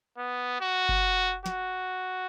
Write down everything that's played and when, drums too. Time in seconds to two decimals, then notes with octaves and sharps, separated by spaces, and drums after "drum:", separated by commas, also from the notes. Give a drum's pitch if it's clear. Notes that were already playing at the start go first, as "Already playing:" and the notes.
0.18 B3
0.61 F#4
0.89 drum: kick F#1
1.46 F#4, drum: snare